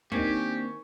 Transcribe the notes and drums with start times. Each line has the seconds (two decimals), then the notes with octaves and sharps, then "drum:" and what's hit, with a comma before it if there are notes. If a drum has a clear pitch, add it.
0.12 D#3 A#3 C4 D4 G4 G#5 C#6, drum: kick